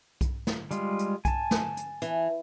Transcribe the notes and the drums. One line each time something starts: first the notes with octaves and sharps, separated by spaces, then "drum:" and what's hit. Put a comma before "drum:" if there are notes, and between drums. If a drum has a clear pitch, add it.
drum: kick B1, hi-hat
drum: snare
G3 G#3 F4, drum: hi-hat
drum: hi-hat
G#5 A5, drum: kick B1, hi-hat
drum: snare
drum: hi-hat
E3, drum: hi-hat